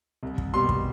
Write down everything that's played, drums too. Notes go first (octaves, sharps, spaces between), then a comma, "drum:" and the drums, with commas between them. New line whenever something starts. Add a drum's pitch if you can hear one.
C2
drum: kick
B2 G3 C6
drum: kick